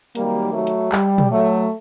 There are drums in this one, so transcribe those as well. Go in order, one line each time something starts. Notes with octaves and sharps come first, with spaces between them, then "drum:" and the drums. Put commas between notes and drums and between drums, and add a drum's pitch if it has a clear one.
C3 D#3 F#3 G3 A#3, drum: hi-hat
F#3 A3
drum: hi-hat
G3, drum: clap
drum: tom
F#3 A3